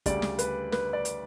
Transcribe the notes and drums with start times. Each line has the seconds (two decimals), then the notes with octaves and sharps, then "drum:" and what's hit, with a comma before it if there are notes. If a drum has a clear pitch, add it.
0.06 D2 C#3 G3 D5, drum: kick, hi-hat
0.22 drum: snare
0.39 B4, drum: hi-hat
0.72 B4, drum: snare
0.93 D5
1.05 drum: hi-hat